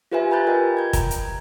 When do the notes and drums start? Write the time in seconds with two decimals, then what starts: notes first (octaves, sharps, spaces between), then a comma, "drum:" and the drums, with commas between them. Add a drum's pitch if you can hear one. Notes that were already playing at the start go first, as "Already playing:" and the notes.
0.12 F4 G4 B4 C5 E5 G#5
0.31 G#5 A#5 B5 F#6 G6 A6
0.47 F4 G4 A#4 D#5 G5
0.77 G6 G#6
0.93 A#5, drum: kick, hi-hat
1.11 drum: hi-hat